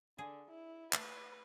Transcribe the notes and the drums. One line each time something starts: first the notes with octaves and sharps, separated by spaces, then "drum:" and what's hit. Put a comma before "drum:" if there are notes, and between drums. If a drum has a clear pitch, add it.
D3 G#4
E4
A3 B4, drum: clap